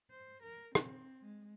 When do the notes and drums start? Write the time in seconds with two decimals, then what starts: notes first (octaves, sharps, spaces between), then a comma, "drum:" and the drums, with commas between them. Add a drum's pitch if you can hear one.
0.11 C5
0.43 A#4
0.75 C4, drum: rim click
1.22 G#3